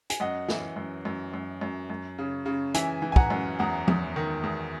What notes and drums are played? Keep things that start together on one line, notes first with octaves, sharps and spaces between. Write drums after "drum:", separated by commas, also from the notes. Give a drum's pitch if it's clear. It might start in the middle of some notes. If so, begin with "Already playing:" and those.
G#5, drum: hi-hat
F#2 D#5 F#5
E3, drum: snare
F#2
F#2
F#2
F#2
F#2
C#3
C#3
E3 E5 G#5, drum: hi-hat
E3
G#5
F#5 A#5, drum: kick
F#2
E2 F#5 A#5
E2, drum: tom F3
D#3
E2